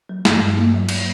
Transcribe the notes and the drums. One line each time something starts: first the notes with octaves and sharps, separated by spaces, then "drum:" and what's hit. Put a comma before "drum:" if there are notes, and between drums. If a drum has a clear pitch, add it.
F#3
G2, drum: snare
G2
A#3
F#3
drum: cymbal